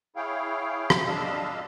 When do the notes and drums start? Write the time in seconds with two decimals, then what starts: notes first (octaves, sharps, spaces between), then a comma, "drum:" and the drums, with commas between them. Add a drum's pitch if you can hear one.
0.16 E4 G#4 C#5 F5 G5
0.90 drum: rim click
1.07 G3 D4 D#5 F5 A5 E6